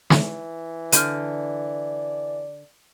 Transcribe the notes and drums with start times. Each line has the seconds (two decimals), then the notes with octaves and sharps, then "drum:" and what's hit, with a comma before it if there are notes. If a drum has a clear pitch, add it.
0.10 E3, drum: snare
0.92 D3 D5 F6 G6 D#7, drum: hi-hat